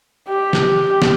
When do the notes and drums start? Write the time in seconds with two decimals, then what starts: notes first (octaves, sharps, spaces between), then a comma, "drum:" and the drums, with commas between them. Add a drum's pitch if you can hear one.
0.29 G4
0.53 drum: snare
1.02 drum: snare